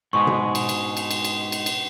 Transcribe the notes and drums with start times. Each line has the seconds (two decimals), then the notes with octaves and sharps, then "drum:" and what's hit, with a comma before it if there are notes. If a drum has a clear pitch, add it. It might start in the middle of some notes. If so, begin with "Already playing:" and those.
0.13 G#2 B2 G#3 C#6
0.27 drum: tom B2
0.55 drum: cymbal
0.69 drum: cymbal
0.97 drum: cymbal
1.11 drum: cymbal
1.25 drum: cymbal
1.52 drum: cymbal
1.66 drum: cymbal